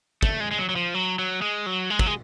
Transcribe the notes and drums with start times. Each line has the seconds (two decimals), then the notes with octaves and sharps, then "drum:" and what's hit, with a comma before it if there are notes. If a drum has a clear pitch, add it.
0.23 A3, drum: kick
0.40 G#3
0.51 G#3
0.58 F#3
0.69 F#3
0.76 F3
0.94 F#3
1.19 F#3
1.42 G#3
1.66 F#3
1.90 G#3
1.99 F#3, drum: kick
2.06 G#3